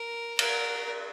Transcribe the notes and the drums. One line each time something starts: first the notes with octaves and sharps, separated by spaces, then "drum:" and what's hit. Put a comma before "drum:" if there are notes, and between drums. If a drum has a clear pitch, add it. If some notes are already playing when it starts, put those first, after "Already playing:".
Already playing: A#4
A#4, drum: cymbal